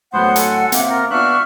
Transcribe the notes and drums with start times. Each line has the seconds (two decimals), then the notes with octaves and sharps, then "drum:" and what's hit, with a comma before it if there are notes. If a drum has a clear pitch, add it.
0.14 A2 F#3 A3 B3 C5 F#5 C6
0.36 A4 G#5, drum: hi-hat
0.72 A#3 C4 E5, drum: hi-hat
0.90 F4 A#4
1.11 B3 D4 F4 E5 C#6 F6 F#6